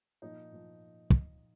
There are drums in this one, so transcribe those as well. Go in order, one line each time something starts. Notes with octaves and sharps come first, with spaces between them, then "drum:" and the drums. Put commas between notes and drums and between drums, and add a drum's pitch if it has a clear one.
A#2 F3 D#4
A#2 F3
drum: kick